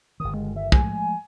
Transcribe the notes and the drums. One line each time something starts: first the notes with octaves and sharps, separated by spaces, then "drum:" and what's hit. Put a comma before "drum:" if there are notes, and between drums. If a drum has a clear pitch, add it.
G1 D#3 D#6
G#3
E5
F3 G#3 A3 G#5, drum: kick